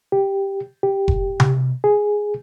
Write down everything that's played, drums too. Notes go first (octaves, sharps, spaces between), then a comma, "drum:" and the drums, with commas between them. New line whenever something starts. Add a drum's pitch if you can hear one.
G4
G4
drum: kick F1
drum: tom C3
G#4